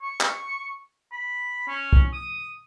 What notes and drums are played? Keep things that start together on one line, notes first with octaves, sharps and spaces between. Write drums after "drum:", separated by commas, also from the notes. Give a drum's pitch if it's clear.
C#6
drum: clap
B5
C#4
drum: kick C2
D#6